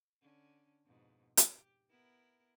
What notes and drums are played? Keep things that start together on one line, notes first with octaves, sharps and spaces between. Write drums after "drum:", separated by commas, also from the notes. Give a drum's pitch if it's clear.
D3 C#4
F2 G#2 B2
G4, drum: hi-hat
B3 E4 A#4